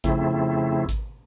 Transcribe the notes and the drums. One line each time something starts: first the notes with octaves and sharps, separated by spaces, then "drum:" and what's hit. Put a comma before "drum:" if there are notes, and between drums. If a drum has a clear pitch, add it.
F2 C#3 A3 C4 E4, drum: kick G#1
drum: kick G#1